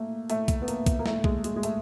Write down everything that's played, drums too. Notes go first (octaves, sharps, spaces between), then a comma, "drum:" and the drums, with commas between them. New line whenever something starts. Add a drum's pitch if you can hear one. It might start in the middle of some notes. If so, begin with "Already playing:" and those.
Already playing: A3 A#3
A3, drum: hi-hat
drum: kick B1, hi-hat
B3
A#3, drum: hi-hat
drum: kick B1, hi-hat
A#3
A3, drum: snare
G#3, drum: kick B1
G#3, drum: hi-hat
G#3
A3, drum: hi-hat